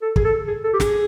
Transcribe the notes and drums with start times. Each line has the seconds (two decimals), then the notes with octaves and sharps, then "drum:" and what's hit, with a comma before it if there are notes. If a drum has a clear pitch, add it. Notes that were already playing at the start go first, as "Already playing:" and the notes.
0.01 A4
0.16 G#4, drum: kick
0.24 A4
0.48 G#4
0.64 A4
0.73 G4
0.80 G#4, drum: snare